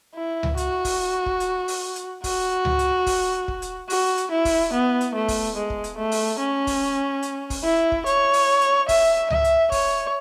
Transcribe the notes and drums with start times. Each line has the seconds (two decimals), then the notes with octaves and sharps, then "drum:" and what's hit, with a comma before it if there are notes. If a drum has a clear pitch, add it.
0.15 E4
0.43 drum: tom C#2
0.57 F#4, drum: hi-hat
0.85 drum: kick, open hi-hat
1.26 drum: kick
1.40 drum: hi-hat
1.68 drum: open hi-hat
1.96 drum: hi-hat
2.24 F#4, drum: kick, open hi-hat
2.65 drum: tom C#2
2.79 drum: hi-hat
3.07 drum: kick, open hi-hat
3.48 drum: kick
3.62 drum: hi-hat
3.90 F#4, drum: open hi-hat
4.17 drum: hi-hat
4.31 E4
4.45 drum: kick, open hi-hat
4.73 B3
5.01 drum: hi-hat
5.15 A3
5.28 drum: kick, open hi-hat
5.56 G#3
5.70 drum: kick
5.84 drum: hi-hat
5.97 A3
6.12 drum: open hi-hat
6.39 C#4
6.67 drum: kick, open hi-hat
7.22 drum: hi-hat
7.50 drum: kick, open hi-hat
7.64 E4
7.92 drum: kick
8.06 C#5, drum: hi-hat
8.33 drum: open hi-hat
8.61 drum: hi-hat
8.89 E5, drum: kick, open hi-hat
9.30 E5, drum: tom C#2
9.44 drum: hi-hat
9.72 C#5, drum: kick, open hi-hat